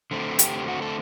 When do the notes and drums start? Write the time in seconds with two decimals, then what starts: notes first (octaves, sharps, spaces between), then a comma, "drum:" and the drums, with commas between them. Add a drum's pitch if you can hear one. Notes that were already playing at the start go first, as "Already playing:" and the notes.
0.11 D3 A3 C4
0.39 G4, drum: hi-hat
0.68 F#4
0.82 A4